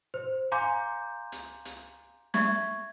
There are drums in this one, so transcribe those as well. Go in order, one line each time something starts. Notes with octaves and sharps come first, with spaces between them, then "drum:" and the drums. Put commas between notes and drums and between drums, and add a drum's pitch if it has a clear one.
C5
F5 G#5 A#5 C6 D6 G6
drum: hi-hat
drum: hi-hat
E5 C#6 G#6, drum: snare